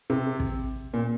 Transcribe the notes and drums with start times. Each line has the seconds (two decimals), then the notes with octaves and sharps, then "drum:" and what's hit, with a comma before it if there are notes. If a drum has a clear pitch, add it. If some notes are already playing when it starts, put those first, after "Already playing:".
0.10 C3
0.40 drum: kick
0.94 A#2